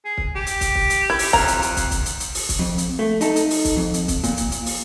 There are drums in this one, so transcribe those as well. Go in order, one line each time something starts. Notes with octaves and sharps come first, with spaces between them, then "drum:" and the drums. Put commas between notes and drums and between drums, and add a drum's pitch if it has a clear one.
G#4
drum: kick
G4
drum: hi-hat
drum: kick, hi-hat
drum: kick
drum: hi-hat
E4
drum: open hi-hat
F2 A#5, drum: kick
drum: hi-hat
drum: hi-hat
drum: kick, hi-hat
drum: kick, hi-hat
drum: hi-hat
drum: hi-hat
drum: open hi-hat
drum: kick, hi-hat
F2
drum: hi-hat
A3
D#4 A4, drum: hi-hat
drum: hi-hat
drum: open hi-hat
drum: kick, hi-hat
F2
drum: hi-hat
drum: kick, hi-hat
A#2, drum: kick, hi-hat
drum: hi-hat
drum: hi-hat
drum: open hi-hat